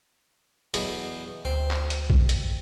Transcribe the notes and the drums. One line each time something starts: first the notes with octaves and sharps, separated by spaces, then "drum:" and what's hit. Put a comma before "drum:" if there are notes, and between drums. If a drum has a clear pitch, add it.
E2 B2 F#3, drum: hi-hat
D2 C4
drum: clap
drum: hi-hat
drum: kick A#1
drum: hi-hat